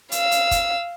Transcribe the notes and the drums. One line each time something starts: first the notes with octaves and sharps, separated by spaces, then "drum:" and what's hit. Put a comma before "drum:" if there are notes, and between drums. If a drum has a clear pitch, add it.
F5 E6, drum: hi-hat
drum: hi-hat
drum: kick, hi-hat